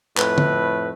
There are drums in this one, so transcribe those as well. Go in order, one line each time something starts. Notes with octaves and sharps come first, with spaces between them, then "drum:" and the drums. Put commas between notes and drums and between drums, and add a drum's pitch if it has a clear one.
F2 A2 B4, drum: clap
drum: tom